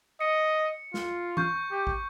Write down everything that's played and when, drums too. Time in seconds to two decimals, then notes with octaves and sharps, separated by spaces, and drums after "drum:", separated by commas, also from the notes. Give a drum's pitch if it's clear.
0.20 D#5 C#7
0.94 F4, drum: snare
1.37 C#6 G6, drum: tom E3
1.71 G4
1.87 drum: kick